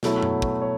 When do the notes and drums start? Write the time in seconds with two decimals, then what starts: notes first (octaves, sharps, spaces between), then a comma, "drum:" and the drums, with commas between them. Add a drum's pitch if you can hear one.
0.03 B2 F#3 A3 E4 C#5, drum: snare
0.23 drum: tom F#2
0.42 drum: kick
0.62 C#5